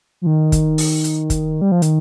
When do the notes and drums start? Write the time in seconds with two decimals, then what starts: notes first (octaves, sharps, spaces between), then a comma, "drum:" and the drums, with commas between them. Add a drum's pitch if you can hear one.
0.21 F3
0.26 D#3
0.52 drum: kick, hi-hat
0.78 drum: open hi-hat
1.04 drum: hi-hat
1.30 drum: kick, hi-hat
1.61 G3
1.72 F3
1.82 D#3, drum: hi-hat